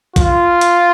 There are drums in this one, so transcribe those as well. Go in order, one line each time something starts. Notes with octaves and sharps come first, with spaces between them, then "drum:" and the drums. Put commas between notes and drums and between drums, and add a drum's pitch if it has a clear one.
F4, drum: kick A#1, hi-hat
drum: hi-hat